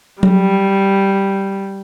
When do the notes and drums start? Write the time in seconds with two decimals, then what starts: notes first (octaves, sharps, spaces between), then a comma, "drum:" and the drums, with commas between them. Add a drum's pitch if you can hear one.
0.23 G3, drum: tom F#3